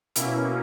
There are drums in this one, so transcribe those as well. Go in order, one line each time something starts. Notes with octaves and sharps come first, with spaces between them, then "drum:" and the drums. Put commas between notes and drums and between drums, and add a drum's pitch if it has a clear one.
B2 A#3 C#4 E4, drum: hi-hat